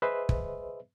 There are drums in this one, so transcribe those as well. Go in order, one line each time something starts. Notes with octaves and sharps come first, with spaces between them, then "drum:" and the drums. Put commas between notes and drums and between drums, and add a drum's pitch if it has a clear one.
G#4 B4 C5 D#5 E5
drum: kick